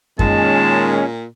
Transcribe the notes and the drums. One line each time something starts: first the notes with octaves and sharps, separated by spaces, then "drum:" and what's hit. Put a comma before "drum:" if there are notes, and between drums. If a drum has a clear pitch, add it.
A#2 D#3 G#3 C#4 A5, drum: kick F#2